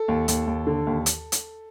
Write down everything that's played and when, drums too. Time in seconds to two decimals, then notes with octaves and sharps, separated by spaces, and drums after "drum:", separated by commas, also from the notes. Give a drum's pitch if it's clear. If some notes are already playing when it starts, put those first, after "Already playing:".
Already playing: A4
0.08 D#2
0.28 D#2, drum: hi-hat
0.47 D#2
0.67 D3
0.87 D#2
1.06 drum: hi-hat
1.32 drum: hi-hat